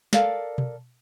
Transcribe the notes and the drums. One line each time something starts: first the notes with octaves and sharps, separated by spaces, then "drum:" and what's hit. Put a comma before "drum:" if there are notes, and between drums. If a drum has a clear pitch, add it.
A4 A#4 D5 F5, drum: snare
drum: tom B2